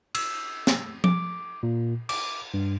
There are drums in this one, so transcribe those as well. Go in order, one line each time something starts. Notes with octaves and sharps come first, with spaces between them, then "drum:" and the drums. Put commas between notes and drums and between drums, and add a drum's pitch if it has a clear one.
E6, drum: cymbal
drum: snare
D6, drum: tom F3
A#2
D6, drum: cymbal
G2